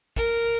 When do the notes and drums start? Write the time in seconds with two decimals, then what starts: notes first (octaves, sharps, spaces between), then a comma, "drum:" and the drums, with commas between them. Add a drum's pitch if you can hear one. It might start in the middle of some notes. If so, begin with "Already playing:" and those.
0.16 A#4, drum: kick